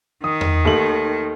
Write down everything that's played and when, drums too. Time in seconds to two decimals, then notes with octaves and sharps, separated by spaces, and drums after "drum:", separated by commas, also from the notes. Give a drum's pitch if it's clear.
0.24 D#3 D#6
0.41 drum: tom E2
0.65 D#2 A3 F#7